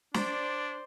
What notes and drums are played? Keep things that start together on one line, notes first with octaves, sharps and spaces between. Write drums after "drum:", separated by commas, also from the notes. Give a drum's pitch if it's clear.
D4 C5 D5, drum: snare